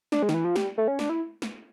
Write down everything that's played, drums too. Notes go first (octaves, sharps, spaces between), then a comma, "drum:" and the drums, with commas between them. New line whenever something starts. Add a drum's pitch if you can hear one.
D4, drum: snare
G#3
D#3, drum: snare
E3
F3
G3, drum: snare
A3
C#4
D4, drum: snare
E4
drum: snare